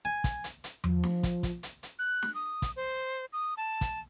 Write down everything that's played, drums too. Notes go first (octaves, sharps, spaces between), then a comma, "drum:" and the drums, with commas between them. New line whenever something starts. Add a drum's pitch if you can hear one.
G#5
drum: kick, hi-hat
drum: hi-hat
drum: hi-hat
F3, drum: tom E2
drum: snare
drum: kick, hi-hat
drum: kick, hi-hat
drum: hi-hat
drum: hi-hat
F#6
drum: snare
D#6
drum: kick, hi-hat
C5
D#6
A5
drum: kick, hi-hat